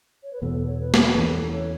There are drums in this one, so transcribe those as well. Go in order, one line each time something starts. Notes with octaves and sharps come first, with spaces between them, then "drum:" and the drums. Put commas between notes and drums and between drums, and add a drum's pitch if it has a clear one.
C#5
B4
E2 B2 B3 A4
C#5
B4
drum: snare
E2 E3 C#4 A4
C#5